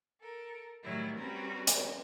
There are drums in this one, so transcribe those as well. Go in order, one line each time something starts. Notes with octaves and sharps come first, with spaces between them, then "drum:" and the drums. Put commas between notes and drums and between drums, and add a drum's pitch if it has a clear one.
A4 A#4
A2 D#3 F#3 G3 E4 F#4
G3 C4 C#4 F#4 A#4 B4
drum: hi-hat